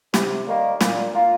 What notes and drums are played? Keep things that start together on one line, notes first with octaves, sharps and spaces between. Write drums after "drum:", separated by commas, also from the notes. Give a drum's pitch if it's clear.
C3, drum: snare
D#3 G3 A#3
A#2, drum: snare
A#3 F4